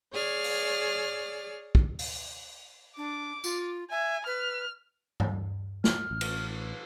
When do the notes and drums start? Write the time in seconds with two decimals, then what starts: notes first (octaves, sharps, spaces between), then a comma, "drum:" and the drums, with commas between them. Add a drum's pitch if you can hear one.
0.14 G#4 C#5 D5 F6
0.44 drum: open hi-hat
1.75 drum: kick
1.99 drum: open hi-hat
2.97 D4 D6
3.44 F4, drum: tambourine
3.91 E5 G#5
4.26 B4 F6
5.20 drum: tom G2
5.84 F6, drum: snare
6.11 A1
6.21 drum: cymbal